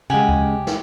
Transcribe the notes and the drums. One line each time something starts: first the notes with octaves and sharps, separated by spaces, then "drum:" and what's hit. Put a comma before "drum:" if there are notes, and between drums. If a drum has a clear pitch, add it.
C#3 G#3 G4 F#5 G#5
drum: kick D2
drum: snare